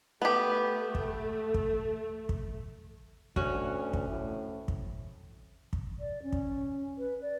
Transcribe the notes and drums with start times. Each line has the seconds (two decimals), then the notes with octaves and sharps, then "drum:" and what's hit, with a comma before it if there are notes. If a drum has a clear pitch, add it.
0.22 A3 B3 G4
0.95 drum: kick
1.54 drum: kick
2.29 drum: kick
3.36 D2 C#4 F#4, drum: kick
3.93 drum: kick
4.08 A2
4.68 drum: kick
5.73 drum: kick
5.99 D5
6.23 C#4
6.32 drum: kick
6.98 B4
7.22 D5